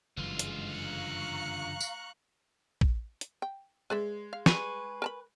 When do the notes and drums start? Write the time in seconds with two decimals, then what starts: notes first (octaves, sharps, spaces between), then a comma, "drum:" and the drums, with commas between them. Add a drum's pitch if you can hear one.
0.17 F#1 G2 D3 E3 G#3 F4
0.39 drum: hi-hat
0.71 F5 A#5 C#6 F#6 C#7
1.81 drum: tambourine
2.81 drum: kick
3.21 drum: hi-hat
3.42 G5
3.90 G#3 B4 D5 E5
4.33 F5
4.46 G3 B4 G#5 C#6, drum: snare
5.02 A#4 A5 B5